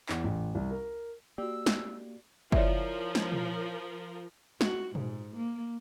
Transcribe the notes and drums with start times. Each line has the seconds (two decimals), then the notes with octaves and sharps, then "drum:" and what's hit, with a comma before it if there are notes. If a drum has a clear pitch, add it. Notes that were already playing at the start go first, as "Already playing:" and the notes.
0.09 E2, drum: clap
0.24 A1
0.55 C2
0.71 A#4
1.38 A#3 F#4 G4 D5 E6
1.66 drum: snare
2.52 F3 E4 A#4 C#5 D5 E5, drum: kick F#1
3.15 drum: snare
3.32 drum: tom A#2
4.61 F#4, drum: snare
4.95 G#2, drum: tom A#2
5.36 A#3